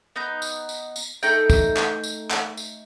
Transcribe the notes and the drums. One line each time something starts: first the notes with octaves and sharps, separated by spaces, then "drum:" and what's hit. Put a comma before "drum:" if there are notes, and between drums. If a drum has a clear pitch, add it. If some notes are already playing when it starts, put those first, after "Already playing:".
B3 D#4 G6
drum: tambourine
drum: tambourine
drum: tambourine
A3 D#4 G5, drum: tambourine
drum: kick, tambourine
drum: clap
drum: tambourine
drum: clap
drum: tambourine